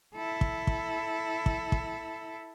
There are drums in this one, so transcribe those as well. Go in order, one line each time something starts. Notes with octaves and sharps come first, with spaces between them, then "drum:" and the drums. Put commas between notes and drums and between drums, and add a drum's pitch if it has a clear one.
E4 A4
drum: kick
drum: kick
drum: kick
drum: kick